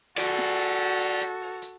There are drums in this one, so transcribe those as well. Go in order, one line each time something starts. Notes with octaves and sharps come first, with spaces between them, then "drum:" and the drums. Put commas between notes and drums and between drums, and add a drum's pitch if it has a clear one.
F#4 G#4 A4 D5, drum: hi-hat
drum: snare
drum: hi-hat
drum: hi-hat
drum: hi-hat
drum: open hi-hat
drum: hi-hat